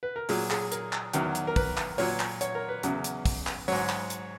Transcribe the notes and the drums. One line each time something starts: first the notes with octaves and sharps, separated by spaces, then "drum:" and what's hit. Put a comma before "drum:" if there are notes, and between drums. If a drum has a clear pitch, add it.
B4
A#4
A#2 F#3 G#4, drum: open hi-hat
G#4, drum: clap
A#4, drum: hi-hat
drum: clap
E2 D#3 F#3, drum: hi-hat
drum: hi-hat
A#4
B4, drum: kick, open hi-hat
drum: clap
A#2 F#3 C#5, drum: open hi-hat
drum: clap
C#5, drum: hi-hat
A#4
B4
E2 C#3 F#3, drum: hi-hat
drum: hi-hat
drum: kick, open hi-hat
drum: clap
G#2 F#3 C#5, drum: open hi-hat
drum: clap
drum: hi-hat